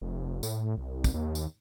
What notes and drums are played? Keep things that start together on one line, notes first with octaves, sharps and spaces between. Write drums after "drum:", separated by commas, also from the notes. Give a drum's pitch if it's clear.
F1
A2, drum: tambourine
C2
drum: kick, tambourine
D#2
drum: tambourine